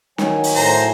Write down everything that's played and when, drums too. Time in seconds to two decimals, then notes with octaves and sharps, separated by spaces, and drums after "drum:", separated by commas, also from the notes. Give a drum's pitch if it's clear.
0.18 D#3 F#3 G#5, drum: snare
0.44 drum: open hi-hat
0.56 A2 C5 A#5